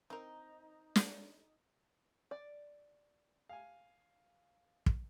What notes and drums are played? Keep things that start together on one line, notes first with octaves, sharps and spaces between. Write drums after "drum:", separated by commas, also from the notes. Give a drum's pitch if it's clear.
C4 D#4 A#4
drum: snare
D5
F5 G#5
drum: kick